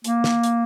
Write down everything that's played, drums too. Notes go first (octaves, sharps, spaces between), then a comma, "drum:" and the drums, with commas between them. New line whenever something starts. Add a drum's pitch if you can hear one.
A#3, drum: hi-hat
drum: snare
drum: hi-hat